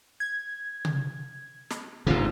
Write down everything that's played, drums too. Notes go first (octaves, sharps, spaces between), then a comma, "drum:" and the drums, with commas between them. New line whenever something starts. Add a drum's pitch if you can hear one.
G#6
drum: tom C3
drum: snare
G1 G#2 C3 F4